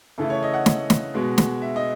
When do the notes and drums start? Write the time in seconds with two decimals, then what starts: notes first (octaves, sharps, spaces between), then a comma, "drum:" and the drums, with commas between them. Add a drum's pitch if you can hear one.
0.18 C#3 E3 A3 E4 A4
0.30 C#5
0.43 D#5
0.53 F#5
0.66 drum: snare
0.90 drum: snare
1.14 B2 G#3 B3
1.38 drum: snare
1.62 E5
1.76 D#5